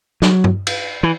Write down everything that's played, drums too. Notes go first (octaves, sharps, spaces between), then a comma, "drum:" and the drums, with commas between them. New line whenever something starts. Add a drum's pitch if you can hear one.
F#3, drum: snare
drum: tom G2
drum: cymbal
E3